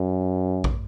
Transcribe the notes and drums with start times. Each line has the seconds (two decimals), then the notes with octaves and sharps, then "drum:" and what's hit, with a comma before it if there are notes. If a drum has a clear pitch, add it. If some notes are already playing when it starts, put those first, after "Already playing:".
Already playing: F#2
0.64 drum: kick A#1